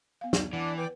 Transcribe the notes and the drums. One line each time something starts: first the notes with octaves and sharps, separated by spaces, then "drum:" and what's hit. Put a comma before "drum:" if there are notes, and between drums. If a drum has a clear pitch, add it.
B3 F5
drum: snare
E3 D4 D5 F#5
B4 D5 G5 D6